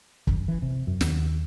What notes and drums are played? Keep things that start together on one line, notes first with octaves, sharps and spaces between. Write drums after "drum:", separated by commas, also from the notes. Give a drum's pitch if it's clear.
F#2, drum: kick
E3
C3
F#2
D#2, drum: snare